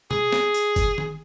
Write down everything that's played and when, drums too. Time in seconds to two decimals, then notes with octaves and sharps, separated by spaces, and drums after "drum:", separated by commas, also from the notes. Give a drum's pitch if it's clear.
0.11 G#4, drum: tom B2
0.32 drum: snare
0.54 drum: tambourine
0.76 drum: kick F#1, tambourine
0.98 drum: tom D#3